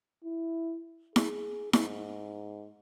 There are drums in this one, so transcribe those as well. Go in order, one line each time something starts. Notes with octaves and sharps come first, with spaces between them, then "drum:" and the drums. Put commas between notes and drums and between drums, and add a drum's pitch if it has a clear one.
E4
G#4, drum: snare E4
G#2, drum: snare E4